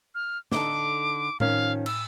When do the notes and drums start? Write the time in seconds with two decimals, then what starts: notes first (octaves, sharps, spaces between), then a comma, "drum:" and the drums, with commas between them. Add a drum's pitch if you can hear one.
0.15 F6
0.52 D3 D#4 A4 D6, drum: snare
1.40 D#3 F3 C#4 F5, drum: tom A2
1.86 E6, drum: cymbal